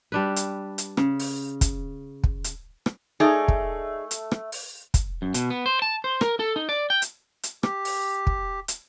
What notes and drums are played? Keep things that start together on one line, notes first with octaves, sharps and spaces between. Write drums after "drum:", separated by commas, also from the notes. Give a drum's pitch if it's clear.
G3 D4 B4
drum: hi-hat
drum: hi-hat
C#3, drum: rim click
drum: open hi-hat
drum: kick, hi-hat
drum: kick
drum: hi-hat
drum: rim click
A3 D#4 G#4 D5
drum: kick
drum: hi-hat
drum: rim click
drum: open hi-hat
drum: kick, hi-hat
F#2
B2, drum: hi-hat
B3
C5
A5
C5
A#4, drum: rim click
A4
D#4
D5
G5
drum: hi-hat
drum: hi-hat
G4, drum: rim click
drum: open hi-hat
drum: kick
drum: hi-hat